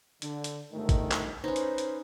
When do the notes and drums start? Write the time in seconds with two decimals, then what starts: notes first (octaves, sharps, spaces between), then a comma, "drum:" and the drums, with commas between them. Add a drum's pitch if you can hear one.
0.22 D3, drum: hi-hat
0.44 drum: hi-hat
0.72 G1 G#2 D#3 A3
0.89 drum: kick, hi-hat
1.11 drum: clap
1.44 C#4 D#4 B4 C5
1.56 drum: hi-hat
1.78 drum: hi-hat